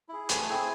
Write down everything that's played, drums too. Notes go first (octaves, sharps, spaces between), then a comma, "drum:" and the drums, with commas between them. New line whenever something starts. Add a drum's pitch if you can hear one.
E4 G#4
A3 G#5, drum: hi-hat
C4 E4 G#4